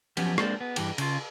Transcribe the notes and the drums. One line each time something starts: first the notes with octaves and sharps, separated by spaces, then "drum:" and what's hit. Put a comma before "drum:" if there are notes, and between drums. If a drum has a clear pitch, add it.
F3 F#3 B3 C#4 G4, drum: cymbal
G#3 A#3 C4 D4, drum: rim click
B3
G2 E3 G4, drum: cymbal
C#3 F4, drum: cymbal